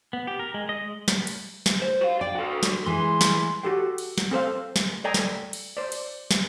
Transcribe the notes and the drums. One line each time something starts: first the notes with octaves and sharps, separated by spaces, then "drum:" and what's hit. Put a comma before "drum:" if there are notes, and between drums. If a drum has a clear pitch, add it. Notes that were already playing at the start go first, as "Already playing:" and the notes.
B3
G4
A#4
G#3
D#5
G#3
drum: snare
drum: cymbal
drum: snare
C5
F#4 F5
D5 G5
F#4 A4
drum: snare
E3 G#3 C6
drum: snare
F#4 G4 A4 G5
drum: cymbal
drum: snare
C4 A4 C5 F5
drum: snare
A4 D5 D#5 G5 G#5 A#5
drum: snare
drum: cymbal
C5 D5
drum: cymbal
drum: snare